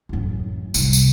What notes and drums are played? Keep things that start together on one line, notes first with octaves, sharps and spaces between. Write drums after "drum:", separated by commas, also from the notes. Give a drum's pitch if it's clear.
A1 F#2
C2, drum: tambourine
drum: tambourine